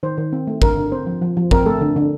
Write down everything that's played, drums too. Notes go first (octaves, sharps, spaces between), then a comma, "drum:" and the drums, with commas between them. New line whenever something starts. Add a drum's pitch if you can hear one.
D#3 C5
D#3
C4
A3
D3 A#4, drum: kick
D3
C4 C5
F3
F3
F3
C4 A#4, drum: kick
A3 A4
D3
D3